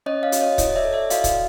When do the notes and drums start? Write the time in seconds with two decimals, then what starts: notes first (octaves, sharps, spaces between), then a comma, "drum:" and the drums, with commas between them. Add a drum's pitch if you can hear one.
0.06 C#4 C#5 D#5
0.23 D#5 F5
0.32 F#4, drum: hi-hat
0.41 C#5 D#5
0.58 E4 C#5 D#5, drum: kick C#1, hi-hat
0.75 D5 E5
0.85 A4
0.93 D5 E5
1.10 F#4 D#5 F5, drum: hi-hat
1.24 drum: kick C#1, hi-hat